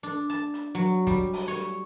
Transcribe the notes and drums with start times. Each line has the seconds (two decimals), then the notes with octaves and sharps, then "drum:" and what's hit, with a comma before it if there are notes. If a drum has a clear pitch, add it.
0.03 D4
0.30 A5, drum: hi-hat
0.54 drum: hi-hat
0.75 F#3
1.07 G3, drum: kick, hi-hat
1.33 drum: open hi-hat
1.48 C#5
1.60 drum: hi-hat